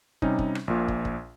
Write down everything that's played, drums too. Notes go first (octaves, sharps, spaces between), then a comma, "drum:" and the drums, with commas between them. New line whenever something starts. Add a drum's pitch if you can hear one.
C3 G3 C#4 D#4, drum: kick
drum: kick
drum: rim click
A#1 A#2
drum: kick
drum: kick